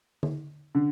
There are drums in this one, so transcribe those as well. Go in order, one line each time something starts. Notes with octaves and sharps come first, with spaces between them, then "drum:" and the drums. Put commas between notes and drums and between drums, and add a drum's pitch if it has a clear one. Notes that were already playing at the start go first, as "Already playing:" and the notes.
drum: tom D3
D3